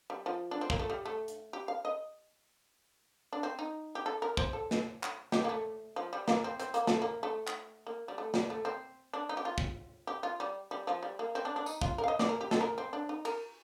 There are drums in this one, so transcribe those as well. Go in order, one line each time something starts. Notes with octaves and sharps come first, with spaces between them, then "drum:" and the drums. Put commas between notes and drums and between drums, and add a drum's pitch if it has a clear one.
G3
F3
D4
C4
A#3, drum: kick
A3
G3
A3
drum: hi-hat
G4
F5
D#5
D4
C4
D#4
G4
A4
A#4
C5, drum: kick
A4
drum: snare
drum: clap
G4, drum: snare
A#3
A3
F3
G3
A#3, drum: snare
C4
C4, drum: hi-hat
A#3, drum: hi-hat
A3, drum: snare
A#3
A3
drum: clap
A#3
G3
A3
G3, drum: snare
A3
C4
D4
D#4
G4
F4
drum: kick
G4
F4
G3
G3
F3
G3
A#3
C4
D4
D4
D#4, drum: tambourine
F4, drum: kick
A#4
F5
D#5
D5, drum: snare
A#4
G4
A4, drum: snare
A#4
C4
D4
D#4
A#4, drum: cymbal